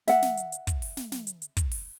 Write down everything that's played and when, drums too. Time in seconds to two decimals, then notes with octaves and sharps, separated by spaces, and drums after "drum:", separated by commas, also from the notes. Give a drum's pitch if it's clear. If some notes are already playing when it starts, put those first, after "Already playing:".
0.07 E5 F#5, drum: snare
0.22 drum: snare
0.37 drum: hi-hat
0.52 drum: hi-hat
0.67 drum: kick, hi-hat
0.82 drum: open hi-hat
0.97 drum: snare
1.12 drum: snare
1.27 drum: hi-hat
1.42 drum: hi-hat
1.57 drum: kick, hi-hat
1.72 drum: open hi-hat